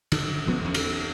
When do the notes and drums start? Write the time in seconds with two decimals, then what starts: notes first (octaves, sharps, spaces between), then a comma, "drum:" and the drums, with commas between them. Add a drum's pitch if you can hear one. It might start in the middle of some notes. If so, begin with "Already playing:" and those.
0.12 D3, drum: cymbal
0.47 E1 F3 B3 C#4
0.64 E2 C#4
0.74 drum: cymbal